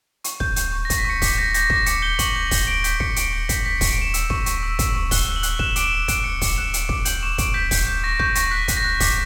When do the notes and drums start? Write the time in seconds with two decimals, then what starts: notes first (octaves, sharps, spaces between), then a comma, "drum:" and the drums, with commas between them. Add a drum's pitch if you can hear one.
0.24 C#6, drum: hi-hat
0.40 C#6 G6, drum: kick
0.56 C#6 G6, drum: hi-hat
0.72 C#6
0.85 A#6
0.90 C#6, drum: kick, hi-hat
0.98 B6
1.05 C#6 C#7
1.22 D6 B6, drum: kick, open hi-hat
1.38 G6 A#6
1.54 G6 A#6, drum: hi-hat
1.70 D6 A#6, drum: kick
1.86 D6 C#7, drum: hi-hat
2.02 G6 G7
2.19 C#6 F#7, drum: kick, hi-hat
2.36 G6
2.51 G6, drum: kick, open hi-hat
2.67 G6 D7
2.84 G6 B6, drum: hi-hat
3.00 C#6 C#7, drum: kick
3.16 C#6 D7, drum: hi-hat
3.33 G6 C#7
3.49 G6 B6, drum: kick, hi-hat
3.64 G6 B6
3.78 C#7
3.81 C#6, drum: kick, open hi-hat
3.89 D7
3.98 C#6 E7
4.14 E6, drum: hi-hat
4.30 C#6, drum: kick
4.46 C#6, drum: hi-hat
4.63 E6
4.79 E6, drum: kick, hi-hat
4.95 C#6
5.11 F#6 G7, drum: kick, open hi-hat
5.27 F#6
5.36 F#7
5.43 F#6, drum: hi-hat
5.59 F#6 E7, drum: kick
5.76 D6 D7, drum: hi-hat
5.84 E7
5.92 D6
6.08 F#6 D7, drum: kick, hi-hat
6.24 F#6 C#7
6.41 D6 C#7, drum: kick, open hi-hat
6.57 F#6 E7
6.74 D6, drum: hi-hat
6.89 D6, drum: kick
7.05 G6 F#7, drum: hi-hat
7.23 C#6 E7
7.38 C#6 D7, drum: kick, hi-hat
7.54 G6 B6
7.71 G6, drum: kick, open hi-hat
7.87 G6
8.04 C#6 A#6
8.19 C#6 G6, drum: kick
8.35 C#6 A#6, drum: hi-hat
8.51 F#6 B6
8.68 F#6, drum: kick, hi-hat
8.77 A#6
8.84 F#6
9.00 D6 B6, drum: kick, open hi-hat